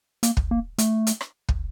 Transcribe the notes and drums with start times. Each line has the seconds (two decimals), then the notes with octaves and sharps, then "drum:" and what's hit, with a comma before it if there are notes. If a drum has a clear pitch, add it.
0.23 A#3, drum: hi-hat
0.37 drum: kick
0.51 A#3
0.78 A3, drum: hi-hat
1.07 drum: hi-hat
1.21 drum: rim click
1.49 drum: kick